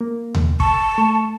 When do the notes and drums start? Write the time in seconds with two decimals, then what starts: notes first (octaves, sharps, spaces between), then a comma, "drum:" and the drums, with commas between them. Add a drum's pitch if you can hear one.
0.01 A#3
0.35 drum: tom D#2
0.60 A5 C#6, drum: kick
0.98 A3 C#6